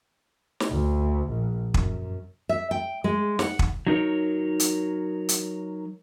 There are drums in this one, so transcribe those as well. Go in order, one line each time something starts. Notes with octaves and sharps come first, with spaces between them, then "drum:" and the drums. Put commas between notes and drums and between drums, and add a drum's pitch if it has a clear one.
drum: snare
D2
A#1
F#2, drum: kick
E5
G5
G#3
F#5, drum: snare
drum: kick
F#3 D#4 A#4 C#5
drum: hi-hat
drum: hi-hat